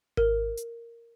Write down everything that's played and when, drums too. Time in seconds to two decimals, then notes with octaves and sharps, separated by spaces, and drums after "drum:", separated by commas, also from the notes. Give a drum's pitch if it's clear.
0.17 A#4, drum: kick G#1
0.57 drum: hi-hat